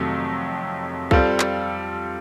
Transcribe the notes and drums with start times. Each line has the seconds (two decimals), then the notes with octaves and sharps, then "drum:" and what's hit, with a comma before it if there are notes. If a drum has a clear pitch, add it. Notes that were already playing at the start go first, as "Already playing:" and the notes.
Already playing: F2 C3 D#3 F#3 A3
1.11 G3 C4 F4 A4, drum: kick C2
1.40 drum: clap